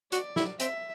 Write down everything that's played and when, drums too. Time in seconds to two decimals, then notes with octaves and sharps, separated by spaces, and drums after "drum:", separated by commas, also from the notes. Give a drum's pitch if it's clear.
0.12 F#4 D5, drum: hi-hat
0.36 E4, drum: snare
0.60 C4 E5, drum: hi-hat